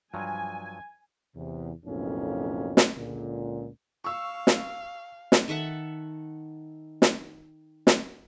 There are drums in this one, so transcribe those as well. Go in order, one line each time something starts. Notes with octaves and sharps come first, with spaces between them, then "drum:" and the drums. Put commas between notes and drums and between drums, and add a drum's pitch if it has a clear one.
G2 F3 F#3 G#5
E2 C3
B1 F2 A2 C#3 A#3 C#4
drum: snare
C#2 A#2 D3
F5 C#6 E6
drum: snare
drum: snare
D#3 A4 E5 F#5
drum: snare
drum: snare